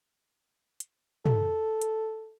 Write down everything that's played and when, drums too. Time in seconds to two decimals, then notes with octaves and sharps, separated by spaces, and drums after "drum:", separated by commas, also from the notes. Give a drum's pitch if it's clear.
0.80 drum: hi-hat
1.26 A4, drum: tom
1.81 drum: hi-hat